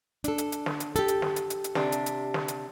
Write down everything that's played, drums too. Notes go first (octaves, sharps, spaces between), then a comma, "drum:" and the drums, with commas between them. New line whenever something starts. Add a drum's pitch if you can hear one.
D4 A4, drum: hi-hat
drum: hi-hat
drum: hi-hat
drum: snare
drum: hi-hat
G4 A4, drum: hi-hat
drum: hi-hat
drum: snare
drum: hi-hat
drum: hi-hat
drum: hi-hat
C3 D4, drum: snare
drum: hi-hat
drum: hi-hat
drum: snare
drum: hi-hat